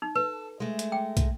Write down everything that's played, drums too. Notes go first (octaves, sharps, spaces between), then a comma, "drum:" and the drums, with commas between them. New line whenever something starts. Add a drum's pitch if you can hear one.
D#4
A4 B4
G#3 A3
drum: hi-hat
G5
drum: kick, hi-hat